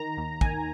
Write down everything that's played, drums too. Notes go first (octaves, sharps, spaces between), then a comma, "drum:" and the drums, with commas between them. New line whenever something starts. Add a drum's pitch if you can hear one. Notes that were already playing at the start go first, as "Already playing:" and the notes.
Already playing: D#3 A#5
D#2
D#3 G#5, drum: kick